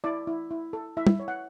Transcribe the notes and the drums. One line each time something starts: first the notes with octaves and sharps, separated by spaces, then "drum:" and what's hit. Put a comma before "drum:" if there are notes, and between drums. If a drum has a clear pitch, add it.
E4 D5
E4
E4
A4
E4 E5
drum: tom
C#5
F#5